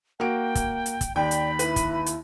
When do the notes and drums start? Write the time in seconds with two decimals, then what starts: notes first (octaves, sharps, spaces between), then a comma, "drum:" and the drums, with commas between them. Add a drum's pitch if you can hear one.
0.20 A#3 F#4 G5 D7
0.55 drum: kick, hi-hat
0.86 drum: hi-hat
1.01 drum: kick, hi-hat
1.16 D#2 D5 G5 B5
1.31 drum: hi-hat
1.59 E4 B4, drum: hi-hat
1.76 drum: kick, hi-hat
2.06 drum: hi-hat